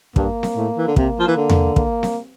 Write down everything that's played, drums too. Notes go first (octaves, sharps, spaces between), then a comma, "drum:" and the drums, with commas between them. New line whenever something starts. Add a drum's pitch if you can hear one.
G2 A#3, drum: kick
drum: snare C4
A2
E3
D3
C3 A#3, drum: kick
F3
E3
D3
drum: tom E2
A#3, drum: kick
drum: snare C4